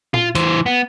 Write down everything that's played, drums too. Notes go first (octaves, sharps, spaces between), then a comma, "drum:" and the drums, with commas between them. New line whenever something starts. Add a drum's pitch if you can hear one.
F4, drum: tom A#2
E3 C5, drum: hi-hat
B3